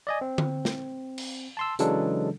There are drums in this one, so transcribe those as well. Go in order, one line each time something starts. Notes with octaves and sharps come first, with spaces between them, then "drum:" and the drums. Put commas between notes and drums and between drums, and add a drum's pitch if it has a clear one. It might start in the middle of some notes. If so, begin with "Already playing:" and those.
D5 D#5 G#5
C4
drum: tom
drum: snare
drum: cymbal
A5 C6 E6
C#3 E3 F#3 G#3 D4 A4, drum: hi-hat